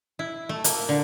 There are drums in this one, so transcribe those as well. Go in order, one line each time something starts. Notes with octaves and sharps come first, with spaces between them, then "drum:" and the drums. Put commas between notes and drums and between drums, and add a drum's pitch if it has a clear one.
E4
A3
A#3, drum: hi-hat
D3